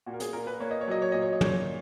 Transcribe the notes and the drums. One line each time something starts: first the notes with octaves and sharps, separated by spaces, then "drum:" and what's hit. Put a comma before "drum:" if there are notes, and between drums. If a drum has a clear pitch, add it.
A#2 F#4
A#4
G#4, drum: hi-hat
A#2 A#4
B4
A#3 C#5
D#5
C#5
F#3 D#5
C#5
A#2 D#5
C#5
D#5
A#2 C#5, drum: tom